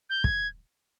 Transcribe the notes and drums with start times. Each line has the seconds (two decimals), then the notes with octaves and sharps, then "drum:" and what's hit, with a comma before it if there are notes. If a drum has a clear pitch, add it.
0.10 G6
0.24 G#6, drum: kick